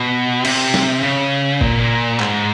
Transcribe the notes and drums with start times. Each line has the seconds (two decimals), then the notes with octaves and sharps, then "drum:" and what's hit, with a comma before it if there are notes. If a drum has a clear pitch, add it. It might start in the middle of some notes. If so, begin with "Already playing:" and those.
Already playing: B2
0.45 C3, drum: cymbal
0.74 drum: snare
1.03 C#3
1.61 A#2, drum: kick G1
2.20 G#2, drum: clap